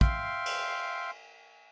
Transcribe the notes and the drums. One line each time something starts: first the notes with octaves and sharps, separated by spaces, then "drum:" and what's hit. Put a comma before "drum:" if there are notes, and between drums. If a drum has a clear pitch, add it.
E5 F5 G5 C6, drum: kick
drum: cymbal